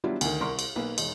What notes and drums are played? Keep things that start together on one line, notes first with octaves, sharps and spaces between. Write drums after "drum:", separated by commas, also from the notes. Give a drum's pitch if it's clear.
F#3 G3 B3 D4 E4 F4
D2 D#3, drum: cymbal
C2 A#4 C6 C#6
drum: cymbal
B1 A#3 B4
E1 D#4, drum: cymbal